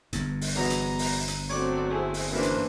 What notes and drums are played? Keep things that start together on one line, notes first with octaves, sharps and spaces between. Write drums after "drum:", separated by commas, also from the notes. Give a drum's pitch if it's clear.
G1 G2, drum: hi-hat
drum: open hi-hat
E2 F#3 D#5 A#5
drum: hi-hat
drum: open hi-hat
drum: hi-hat
F#3 A3 C4 C#5 D5 D6
E4 G#4
drum: open hi-hat
F#2 E3 A3 A#3 D4 C5
drum: hi-hat